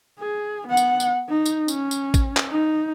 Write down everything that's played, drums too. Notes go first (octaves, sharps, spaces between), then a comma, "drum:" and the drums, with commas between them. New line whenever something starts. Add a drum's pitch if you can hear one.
G#4
B3 F#5
drum: tambourine
drum: tambourine
D#4
drum: tambourine
C#4, drum: tambourine
drum: tambourine
drum: kick, tambourine
drum: clap
D#4